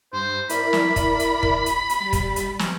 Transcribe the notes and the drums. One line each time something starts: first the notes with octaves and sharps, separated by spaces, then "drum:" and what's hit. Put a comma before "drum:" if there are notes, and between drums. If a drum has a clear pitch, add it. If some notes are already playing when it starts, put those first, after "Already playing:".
G2 C5
E4 A#4 D5 B5, drum: hi-hat
drum: snare
drum: kick, hi-hat
drum: hi-hat
drum: kick
drum: hi-hat
drum: hi-hat
G3 A6 B6
drum: kick, hi-hat
drum: hi-hat
drum: snare